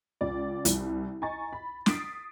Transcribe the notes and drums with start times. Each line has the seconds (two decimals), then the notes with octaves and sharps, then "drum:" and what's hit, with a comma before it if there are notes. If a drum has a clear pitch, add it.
0.21 C#2 D5
0.65 C2, drum: hi-hat
1.22 D#5 G#5 A#5 C#6 A6
1.53 B5
1.86 D#6 A6 B6 C7 D7, drum: snare